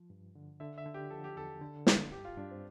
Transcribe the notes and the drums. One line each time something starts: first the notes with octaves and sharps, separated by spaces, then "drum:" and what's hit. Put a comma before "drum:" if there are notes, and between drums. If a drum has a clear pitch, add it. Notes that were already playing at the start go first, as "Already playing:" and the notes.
Already playing: F3
G2
D3
D3 E5
E5
D3
G4
F3 A4
G4
E2 A4
D3
D3, drum: snare
G2 G4
F4
G2 D4
C4